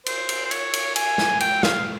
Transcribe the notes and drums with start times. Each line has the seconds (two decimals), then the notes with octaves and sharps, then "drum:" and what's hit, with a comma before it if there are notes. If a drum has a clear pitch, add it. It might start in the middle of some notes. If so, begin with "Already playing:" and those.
0.06 C5, drum: cymbal
0.29 drum: cymbal
0.45 C5
0.51 C#5, drum: cymbal
0.73 drum: cymbal
0.96 G#5, drum: cymbal
1.18 drum: snare
1.40 G5, drum: cymbal
1.63 F5, drum: snare